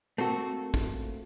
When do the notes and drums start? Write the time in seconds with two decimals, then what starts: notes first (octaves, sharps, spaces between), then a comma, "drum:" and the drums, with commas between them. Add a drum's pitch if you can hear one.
0.18 A3 A#3 C4 F#4 A4
0.74 drum: kick